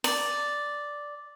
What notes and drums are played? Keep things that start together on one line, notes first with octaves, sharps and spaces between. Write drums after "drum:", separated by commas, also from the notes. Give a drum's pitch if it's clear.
D5, drum: open hi-hat